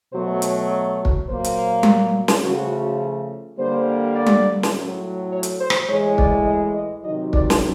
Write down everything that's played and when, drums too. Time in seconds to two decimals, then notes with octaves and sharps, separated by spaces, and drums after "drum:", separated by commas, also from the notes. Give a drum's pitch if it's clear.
0.13 B2 F#3 A3 C5
0.42 C#5, drum: hi-hat
0.71 C#5
1.05 drum: kick
1.28 A#2 F#3 A#3 C5
1.44 drum: hi-hat
1.83 drum: tom G3
2.28 drum: snare
2.44 C#3 F3 A3 F#4
3.58 D3 G3 A#3 C5
4.16 D5
4.26 drum: tom G3
4.63 drum: snare
4.74 A2 F#3 A3
5.31 C#5
5.43 drum: hi-hat
5.60 C5
5.70 drum: rim click
5.89 A2 E3 G#3 C#5
6.18 D5, drum: kick
6.46 D#5
6.75 D#5
7.04 C3 D#3 F#3 D#5
7.33 D5, drum: kick
7.50 drum: snare